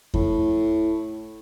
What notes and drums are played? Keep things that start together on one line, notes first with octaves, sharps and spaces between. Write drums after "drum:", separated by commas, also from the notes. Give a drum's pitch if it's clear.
A2, drum: kick E2